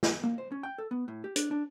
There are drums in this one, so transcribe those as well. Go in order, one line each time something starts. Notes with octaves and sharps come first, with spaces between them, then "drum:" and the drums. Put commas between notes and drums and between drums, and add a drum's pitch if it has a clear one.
drum: snare
A#3
C5
C#4
G5
A4
B3
A2
G4
D4, drum: hi-hat
D4